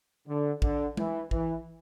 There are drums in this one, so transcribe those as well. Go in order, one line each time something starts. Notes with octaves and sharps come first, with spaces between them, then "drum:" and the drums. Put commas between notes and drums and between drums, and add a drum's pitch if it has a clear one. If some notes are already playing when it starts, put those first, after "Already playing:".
D3
D3, drum: kick A1
E3, drum: tom G#3
E3, drum: kick A1